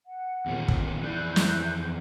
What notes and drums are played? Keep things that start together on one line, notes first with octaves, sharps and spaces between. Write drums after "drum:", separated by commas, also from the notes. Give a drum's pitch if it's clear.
F#5
E2 A#2 D#3
drum: kick
F2 E3 E4 D5 F#6 G6
drum: snare